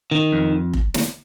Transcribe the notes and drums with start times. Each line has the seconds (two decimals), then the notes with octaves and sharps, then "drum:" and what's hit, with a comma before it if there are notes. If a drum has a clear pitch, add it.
0.11 D#3
0.32 F2
0.73 drum: kick F1
0.94 drum: snare